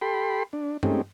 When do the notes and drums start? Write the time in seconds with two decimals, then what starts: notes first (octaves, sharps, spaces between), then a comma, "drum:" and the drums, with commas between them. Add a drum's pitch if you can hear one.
0.01 G4 A4 G5 B5 C6
0.53 D4
0.83 G#3 A3 C4 C#4 D#4 G4, drum: tom G2